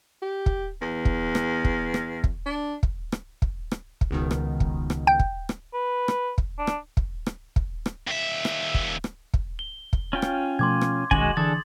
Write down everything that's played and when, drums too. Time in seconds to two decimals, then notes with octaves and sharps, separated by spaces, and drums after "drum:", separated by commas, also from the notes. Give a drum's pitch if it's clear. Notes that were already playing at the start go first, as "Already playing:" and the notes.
0.22 G4
0.46 drum: kick
0.82 E2
1.05 drum: kick
1.35 drum: rim click
1.64 drum: kick
1.94 drum: rim click
2.24 drum: kick
2.46 D4
2.83 drum: kick
3.12 drum: rim click
3.42 drum: kick
3.72 drum: rim click
4.01 drum: kick
4.11 C#2 B2 D#3
4.31 drum: rim click
4.60 drum: kick
4.90 drum: rim click
5.07 G5 G6
5.19 drum: kick
5.49 drum: rim click
5.74 B4
6.08 drum: rim click
6.38 drum: kick
6.58 D4
6.67 drum: rim click
6.97 drum: kick
7.26 drum: rim click
7.56 drum: kick
7.86 drum: rim click
8.07 D#2 E5
8.45 drum: rim click
8.74 drum: kick
9.04 drum: rim click
9.34 drum: kick
9.59 G7
9.93 drum: kick
10.13 C#4 F4 G5
10.22 drum: rim click
10.59 B2 F3 A3 C6 D6 G#6
10.81 drum: rim click
11.11 B1 D#3 G#3 C#4 F#4 G#5 F#7, drum: kick
11.37 D3 E3 D4 G#4 A4 A6